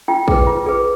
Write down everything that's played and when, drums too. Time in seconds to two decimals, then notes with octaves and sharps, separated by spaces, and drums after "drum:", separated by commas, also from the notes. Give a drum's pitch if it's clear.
0.08 F4 G5
0.28 G#4 B4, drum: kick
0.47 F4
0.66 G#4 B4